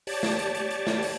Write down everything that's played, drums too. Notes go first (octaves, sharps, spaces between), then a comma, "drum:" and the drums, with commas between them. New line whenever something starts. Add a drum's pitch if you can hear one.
G4 C#5 D5 A5, drum: open hi-hat
drum: snare
drum: hi-hat
drum: hi-hat
drum: hi-hat
drum: snare
drum: open hi-hat